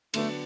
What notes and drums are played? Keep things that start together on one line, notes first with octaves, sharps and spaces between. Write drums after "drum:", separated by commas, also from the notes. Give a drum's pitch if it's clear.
D3 F#3 A3 B3 D4, drum: cymbal